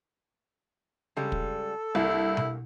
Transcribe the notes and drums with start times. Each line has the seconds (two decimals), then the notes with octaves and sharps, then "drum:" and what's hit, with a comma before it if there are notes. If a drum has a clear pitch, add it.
1.17 C#3 G3 G#3 A4
1.32 drum: kick
1.95 C2 G2 A#3 E4
2.37 drum: tom B2